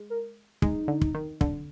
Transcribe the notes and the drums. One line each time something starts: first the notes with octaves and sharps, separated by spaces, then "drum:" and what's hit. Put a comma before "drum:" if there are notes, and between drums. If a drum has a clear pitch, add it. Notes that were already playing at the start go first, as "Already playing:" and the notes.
Already playing: G#3
A#4
G#3 D#4, drum: kick
D3
drum: kick
D#3
D3, drum: kick